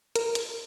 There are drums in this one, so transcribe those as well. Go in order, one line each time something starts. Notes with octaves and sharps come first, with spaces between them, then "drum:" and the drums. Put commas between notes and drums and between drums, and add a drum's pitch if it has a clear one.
A#4, drum: hi-hat
drum: hi-hat